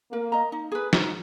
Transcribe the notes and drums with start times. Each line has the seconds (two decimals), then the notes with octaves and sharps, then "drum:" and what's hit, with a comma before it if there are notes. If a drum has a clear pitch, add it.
0.12 A#3 A#4
0.32 D#5 A#5
0.52 D#4
0.72 G#4 B4
0.93 D#4, drum: snare